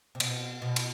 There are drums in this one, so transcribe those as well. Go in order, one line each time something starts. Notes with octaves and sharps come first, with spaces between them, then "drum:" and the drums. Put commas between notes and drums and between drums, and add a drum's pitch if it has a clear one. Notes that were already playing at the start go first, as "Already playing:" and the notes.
C3
B2, drum: cymbal
B2
drum: cymbal